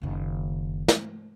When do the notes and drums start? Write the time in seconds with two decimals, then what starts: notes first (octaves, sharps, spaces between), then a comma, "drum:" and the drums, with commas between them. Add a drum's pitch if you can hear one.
0.02 F#1 D#3
0.88 drum: snare